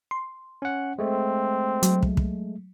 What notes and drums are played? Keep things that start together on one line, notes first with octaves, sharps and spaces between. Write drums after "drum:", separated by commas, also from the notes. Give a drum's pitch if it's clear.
C6
C#4 F#5
G#3 A3 C4
F#3, drum: hi-hat
drum: kick
drum: kick